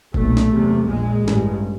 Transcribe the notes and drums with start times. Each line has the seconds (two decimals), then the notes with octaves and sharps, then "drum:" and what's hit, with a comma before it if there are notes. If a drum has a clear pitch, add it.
0.14 B1 A#2 A3, drum: kick F#1
0.37 drum: snare
0.51 F#1 E2 C3
0.86 A#1 A#2 G#3
1.23 A1
1.28 G2, drum: snare